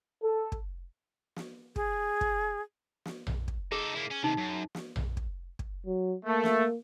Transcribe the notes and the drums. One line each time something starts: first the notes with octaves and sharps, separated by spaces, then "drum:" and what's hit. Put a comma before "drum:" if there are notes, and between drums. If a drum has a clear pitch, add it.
A4
drum: kick
drum: snare
G#4, drum: kick
drum: kick
drum: snare
drum: tom A#1
drum: kick
D#4 G#4 A4
A#3 E4
C#4
D#2 C3 D#4
F#2
drum: snare
drum: tom A#1
drum: kick
drum: kick
F#3
A3 A#3
drum: snare